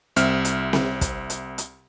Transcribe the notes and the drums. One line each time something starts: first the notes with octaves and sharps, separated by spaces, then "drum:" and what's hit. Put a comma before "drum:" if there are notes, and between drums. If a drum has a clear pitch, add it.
C2 C4 E5 F6, drum: hi-hat
drum: hi-hat
drum: snare C4
drum: kick, hi-hat
drum: hi-hat
drum: hi-hat